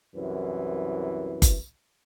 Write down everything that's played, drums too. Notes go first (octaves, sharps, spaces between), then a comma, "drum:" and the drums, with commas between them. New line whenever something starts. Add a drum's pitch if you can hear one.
C2 F#2 E3
drum: kick G1, hi-hat